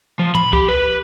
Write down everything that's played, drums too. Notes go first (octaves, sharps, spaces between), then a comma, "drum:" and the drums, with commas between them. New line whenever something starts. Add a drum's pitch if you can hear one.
F3
B5, drum: tom
G4, drum: kick C#2
B4